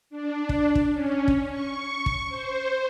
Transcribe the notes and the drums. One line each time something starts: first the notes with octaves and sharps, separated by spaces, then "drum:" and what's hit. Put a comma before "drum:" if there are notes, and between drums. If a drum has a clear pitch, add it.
D4
drum: kick
drum: kick
C#4
drum: kick
C#6
drum: kick
C5